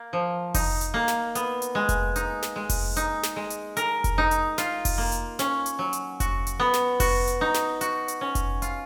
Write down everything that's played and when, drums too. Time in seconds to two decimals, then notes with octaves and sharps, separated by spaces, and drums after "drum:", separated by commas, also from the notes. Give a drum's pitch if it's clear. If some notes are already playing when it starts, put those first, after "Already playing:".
Already playing: A#3
0.13 F3
0.54 D#4, drum: kick F1, open hi-hat
0.81 drum: hi-hat
0.94 A#3
1.08 drum: snare
1.35 B3, drum: hi-hat
1.62 drum: hi-hat
1.75 G#3
1.89 drum: kick F1, hi-hat
2.16 D#4, drum: hi-hat
2.43 drum: snare
2.56 G#3
2.69 drum: kick F1, open hi-hat
2.96 D#4, drum: hi-hat
3.23 drum: snare
3.36 G#3
3.50 drum: hi-hat
3.77 A#4, drum: hi-hat
4.04 drum: kick F1, hi-hat
4.18 D#4
4.31 drum: hi-hat
4.58 F4, drum: snare
4.85 drum: kick F1, open hi-hat
4.98 A#3
5.12 drum: hi-hat
5.39 C#4, drum: snare
5.66 drum: hi-hat
5.79 F#3
5.93 drum: hi-hat
6.20 F#4, drum: kick F1, hi-hat
6.47 drum: hi-hat
6.60 B3
6.73 drum: snare
7.00 F#4, drum: kick F1, open hi-hat
7.27 drum: hi-hat
7.41 D#4
7.54 drum: snare
7.81 F#4, drum: hi-hat
8.08 drum: hi-hat
8.21 C#4
8.35 drum: kick F1, hi-hat
8.62 F4, drum: hi-hat